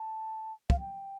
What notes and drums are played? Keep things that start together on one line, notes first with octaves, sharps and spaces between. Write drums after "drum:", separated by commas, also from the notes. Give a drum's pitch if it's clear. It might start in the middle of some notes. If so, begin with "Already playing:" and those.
Already playing: A5
F5, drum: kick
G5